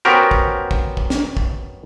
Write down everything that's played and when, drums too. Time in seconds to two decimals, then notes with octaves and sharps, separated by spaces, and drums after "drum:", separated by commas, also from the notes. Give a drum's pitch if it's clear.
0.05 B3 C#4 F#4 G4 A#4 C5
0.31 drum: kick
0.71 drum: kick
0.97 drum: kick
1.10 drum: snare
1.37 drum: kick